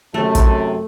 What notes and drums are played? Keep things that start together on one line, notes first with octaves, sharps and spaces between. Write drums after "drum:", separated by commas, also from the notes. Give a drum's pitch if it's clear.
F#2 C3 A3 A5
drum: kick, hi-hat